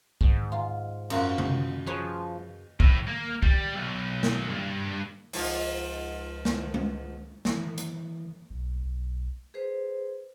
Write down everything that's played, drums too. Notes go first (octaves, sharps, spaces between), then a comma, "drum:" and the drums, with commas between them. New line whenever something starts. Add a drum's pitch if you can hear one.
G#2, drum: kick
F4
F#2 F4 F#4, drum: cymbal
drum: tom C3
F3 G#4 B4 C#5
A2, drum: kick
A#3
G3, drum: kick
B1
drum: snare
G2
C#2 G#2 F3, drum: open hi-hat
drum: snare
drum: tom G#3
E3, drum: snare
drum: hi-hat
B1
B1
G#4 B4 C5